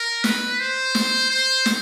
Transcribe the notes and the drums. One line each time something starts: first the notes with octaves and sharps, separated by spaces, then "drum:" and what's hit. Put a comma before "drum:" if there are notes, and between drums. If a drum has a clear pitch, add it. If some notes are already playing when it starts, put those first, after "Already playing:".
Already playing: A#4
B4, drum: snare
C5
drum: snare
C5
drum: snare